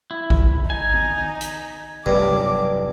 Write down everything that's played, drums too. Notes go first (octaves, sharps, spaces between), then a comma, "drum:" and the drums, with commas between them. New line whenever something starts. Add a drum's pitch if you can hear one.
E4
drum: kick G#1
D#4 G#5
drum: tom D#3
drum: hi-hat
F1 B1 E2 G2 D6